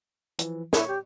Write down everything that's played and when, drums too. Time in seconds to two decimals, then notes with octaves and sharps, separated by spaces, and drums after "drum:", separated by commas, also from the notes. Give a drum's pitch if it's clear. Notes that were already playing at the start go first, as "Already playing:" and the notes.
0.39 E3 F3, drum: hi-hat
0.73 E4 C#5 C#6, drum: snare
0.88 G4